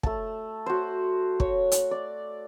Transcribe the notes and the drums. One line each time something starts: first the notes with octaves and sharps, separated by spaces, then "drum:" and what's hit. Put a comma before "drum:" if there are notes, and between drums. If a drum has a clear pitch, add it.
A3 A5, drum: kick
F#4 C5
C#5, drum: kick
drum: hi-hat
D5